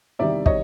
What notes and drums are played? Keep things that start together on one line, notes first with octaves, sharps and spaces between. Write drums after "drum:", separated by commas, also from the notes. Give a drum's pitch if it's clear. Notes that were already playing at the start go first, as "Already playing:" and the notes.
E2 C3 D#3 G3 D5 E5
C#5 D#5, drum: kick